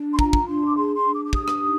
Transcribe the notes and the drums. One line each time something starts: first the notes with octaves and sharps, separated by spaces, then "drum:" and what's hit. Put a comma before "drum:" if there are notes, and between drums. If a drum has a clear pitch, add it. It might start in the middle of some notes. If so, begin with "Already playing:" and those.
Already playing: D4
C6
F4 A#5, drum: kick
drum: kick
D4 C6
D6
G#4 C6
C6
D4
D6
D6
G4 D#6, drum: kick
drum: rim click
D#4